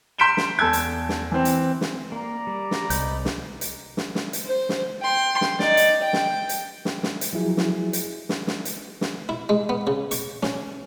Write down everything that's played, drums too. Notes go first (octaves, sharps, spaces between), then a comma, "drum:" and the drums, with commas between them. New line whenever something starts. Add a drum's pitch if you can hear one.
C6 G6 B6 D7 E7 G7
drum: snare
E2 A4 E6 G#6
drum: hi-hat
drum: snare
E3 C4
drum: hi-hat
drum: snare
A#3 D5 A#5
G3
drum: snare
C2 D#5 B5 G6, drum: hi-hat
drum: snare
drum: hi-hat
drum: snare
drum: snare
drum: hi-hat
C5
drum: snare
G5 C6
drum: snare
D#4 D5, drum: snare
drum: hi-hat
G5
drum: snare
drum: hi-hat
drum: snare
drum: snare
drum: hi-hat
F3 F#3 E4 G#4
drum: snare
drum: hi-hat
drum: snare
drum: snare
drum: hi-hat
drum: snare
E4
G#3
B3
C#3
C#6, drum: hi-hat
C#4, drum: snare